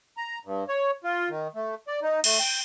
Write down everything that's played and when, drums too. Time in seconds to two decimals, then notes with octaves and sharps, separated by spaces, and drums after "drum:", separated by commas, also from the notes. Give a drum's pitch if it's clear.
0.17 A#5
0.45 G2
0.69 C#5
1.04 F4
1.29 D#3
1.55 A3
1.87 D5
2.02 D#4
2.24 A3, drum: cymbal
2.40 G5